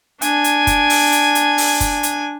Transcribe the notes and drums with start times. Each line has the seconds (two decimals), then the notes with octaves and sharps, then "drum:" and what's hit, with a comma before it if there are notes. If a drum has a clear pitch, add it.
0.22 D4 G#5, drum: hi-hat
0.44 drum: hi-hat
0.67 drum: kick, hi-hat
0.90 drum: open hi-hat
1.12 drum: hi-hat
1.35 drum: hi-hat
1.58 drum: open hi-hat
1.80 drum: kick, hi-hat
2.03 drum: hi-hat